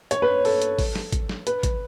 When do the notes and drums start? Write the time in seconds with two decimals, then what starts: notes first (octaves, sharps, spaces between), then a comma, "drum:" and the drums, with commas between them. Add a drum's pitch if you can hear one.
0.11 C#5, drum: hi-hat
0.22 B4
0.45 A4, drum: open hi-hat
0.62 drum: hi-hat
0.79 drum: kick, open hi-hat
0.95 drum: snare
1.12 drum: kick, hi-hat
1.29 drum: snare
1.47 B4, drum: hi-hat
1.63 drum: kick, hi-hat